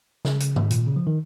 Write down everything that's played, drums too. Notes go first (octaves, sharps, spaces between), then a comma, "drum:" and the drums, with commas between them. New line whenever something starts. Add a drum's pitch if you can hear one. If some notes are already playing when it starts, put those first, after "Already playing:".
C#3, drum: snare
drum: hi-hat
G#2, drum: tom D#3
A#2, drum: hi-hat
C#3
F3
D#3